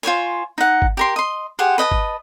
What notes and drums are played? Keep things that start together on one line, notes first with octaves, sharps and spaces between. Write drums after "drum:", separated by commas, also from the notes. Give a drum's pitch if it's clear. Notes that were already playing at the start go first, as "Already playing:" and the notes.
F4 C5 C#5 G#5
D#4 F#5
drum: kick
G4 A#4 C6
D#5 C6
G4 G#4 C5 F#5
B4 D#5 G5 A5
drum: kick